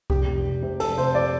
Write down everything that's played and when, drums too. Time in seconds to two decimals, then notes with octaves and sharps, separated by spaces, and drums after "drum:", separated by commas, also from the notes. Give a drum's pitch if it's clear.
0.10 F1 G4, drum: kick C2
0.28 F1
0.44 F1
0.63 C3
0.80 F1 A4, drum: cymbal
0.98 F1 C5
1.15 D5